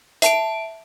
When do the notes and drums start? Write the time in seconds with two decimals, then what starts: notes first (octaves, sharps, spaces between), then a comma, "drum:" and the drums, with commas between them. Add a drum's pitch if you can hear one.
0.22 E5 A5 D7, drum: hi-hat